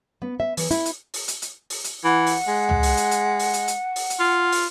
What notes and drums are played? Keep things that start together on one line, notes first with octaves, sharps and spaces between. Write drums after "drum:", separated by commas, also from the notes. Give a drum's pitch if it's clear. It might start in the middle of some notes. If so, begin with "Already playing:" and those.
B3
E5
E3, drum: open hi-hat
E4, drum: hi-hat
drum: hi-hat
drum: open hi-hat
drum: hi-hat
drum: hi-hat
drum: open hi-hat
drum: hi-hat
E3 F#5
drum: open hi-hat
G#3
drum: tom
drum: open hi-hat
drum: hi-hat
drum: hi-hat
drum: open hi-hat
drum: hi-hat
drum: hi-hat
drum: open hi-hat
drum: hi-hat
F4
drum: open hi-hat